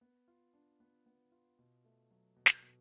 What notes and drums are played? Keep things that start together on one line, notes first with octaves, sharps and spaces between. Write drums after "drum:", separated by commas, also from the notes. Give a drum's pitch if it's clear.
B3
F4
D4
B3
B3
F4
B2
A3
F#3
B2
drum: snare
B2